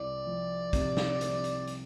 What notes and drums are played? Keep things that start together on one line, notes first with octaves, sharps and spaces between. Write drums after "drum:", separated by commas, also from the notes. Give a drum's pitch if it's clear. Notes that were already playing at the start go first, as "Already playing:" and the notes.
Already playing: C2 D5
F3
C3, drum: kick A#1, hi-hat
drum: snare
C4, drum: hi-hat
drum: hi-hat
drum: hi-hat